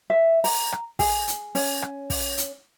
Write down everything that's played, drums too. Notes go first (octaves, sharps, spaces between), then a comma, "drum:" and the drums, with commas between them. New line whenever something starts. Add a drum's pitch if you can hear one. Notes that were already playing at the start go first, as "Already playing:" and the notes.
E5
A#5, drum: open hi-hat
drum: rim click
G#4, drum: kick, open hi-hat
drum: hi-hat
C#4, drum: open hi-hat
drum: rim click
drum: kick, open hi-hat
drum: hi-hat